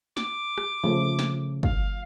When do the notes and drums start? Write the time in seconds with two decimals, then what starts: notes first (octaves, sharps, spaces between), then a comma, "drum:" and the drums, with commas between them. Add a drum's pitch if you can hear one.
0.17 D6, drum: snare
0.58 drum: rim click
0.84 C#3 F3 A3
1.19 drum: snare
1.63 F5, drum: kick